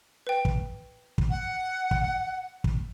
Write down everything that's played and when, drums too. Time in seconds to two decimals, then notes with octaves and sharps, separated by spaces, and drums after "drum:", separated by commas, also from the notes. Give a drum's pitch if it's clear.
0.27 B4 G5
0.45 drum: kick
1.18 drum: kick
1.30 F#5
1.91 drum: kick
2.64 drum: kick